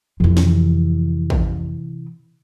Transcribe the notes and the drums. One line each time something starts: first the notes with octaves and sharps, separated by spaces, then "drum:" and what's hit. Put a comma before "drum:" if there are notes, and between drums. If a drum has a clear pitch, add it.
F2 C3 E3
drum: snare
drum: kick A1